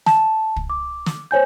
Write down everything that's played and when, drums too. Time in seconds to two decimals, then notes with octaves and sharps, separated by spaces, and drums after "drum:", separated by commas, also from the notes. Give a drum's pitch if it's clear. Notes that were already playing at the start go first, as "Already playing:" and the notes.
0.06 A5, drum: snare
0.56 drum: kick
0.70 D6
1.06 drum: snare
1.31 C5 C#5 G#5 G6